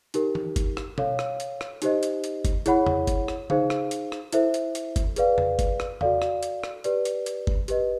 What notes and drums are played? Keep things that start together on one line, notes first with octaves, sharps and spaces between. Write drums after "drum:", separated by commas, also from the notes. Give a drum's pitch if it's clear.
D#4 G4 A#4, drum: hi-hat
drum: tom E3
drum: kick F#1, hi-hat
drum: rim click
A4 C#5 F5, drum: tom B2
drum: rim click
drum: hi-hat
drum: rim click
D#4 G4 C5 D#5, drum: hi-hat
drum: hi-hat
drum: hi-hat
drum: kick F#1, hi-hat
E4 G#4 C#5 F#5 B5, drum: hi-hat
drum: tom E2
drum: kick F#1, hi-hat
drum: rim click
D#4 G#4 C5 F5, drum: tom C#3
drum: rim click
drum: hi-hat
drum: rim click
E4 A4 C5 E5, drum: hi-hat
drum: hi-hat
drum: hi-hat
drum: kick F#1, hi-hat
G#4 B4 D5 F5, drum: hi-hat
drum: tom E2
drum: kick F#1, hi-hat
drum: rim click
F#4 A4 D5 F5, drum: tom E2
drum: rim click
drum: hi-hat
drum: rim click
G4 B4 D5, drum: hi-hat
drum: hi-hat
drum: hi-hat
drum: kick F#1
G4 B4 D#5, drum: hi-hat